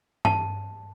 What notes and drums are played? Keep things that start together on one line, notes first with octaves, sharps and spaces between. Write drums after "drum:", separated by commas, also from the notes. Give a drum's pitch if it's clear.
A5, drum: tom G2